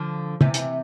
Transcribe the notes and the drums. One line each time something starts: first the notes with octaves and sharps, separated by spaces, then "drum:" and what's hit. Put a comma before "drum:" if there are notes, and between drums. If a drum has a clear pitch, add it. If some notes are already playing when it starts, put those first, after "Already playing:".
Already playing: D3 F3
C3 E3, drum: tom
drum: hi-hat